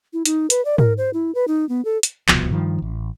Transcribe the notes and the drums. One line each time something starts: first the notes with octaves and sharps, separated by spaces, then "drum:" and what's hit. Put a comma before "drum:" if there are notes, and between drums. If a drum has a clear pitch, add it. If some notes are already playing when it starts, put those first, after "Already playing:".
E4
D#4, drum: hi-hat
B4, drum: hi-hat
D5
A#4, drum: tom
C5
E4
B4
D#4
B3
A4
drum: hi-hat
D1 C2 B2 F3, drum: clap
G2 D#3 F3
A1